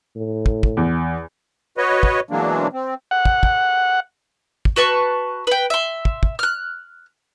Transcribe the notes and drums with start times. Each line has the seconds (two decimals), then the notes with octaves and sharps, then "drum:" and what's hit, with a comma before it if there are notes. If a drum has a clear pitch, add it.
0.16 A2
0.46 drum: kick
0.63 drum: kick
0.77 E2
1.78 F#4 B4 C#5 D#5
2.03 drum: kick
2.31 B2 E3 F#3 G#3 A#3 D4
2.73 C4
3.11 F#5
3.25 drum: kick
3.43 drum: kick
4.65 drum: kick
4.76 F#4 B4 A5 C#6
5.47 B4 G5
5.70 E5 C6
6.05 drum: kick
6.23 drum: kick
6.39 F6 F#6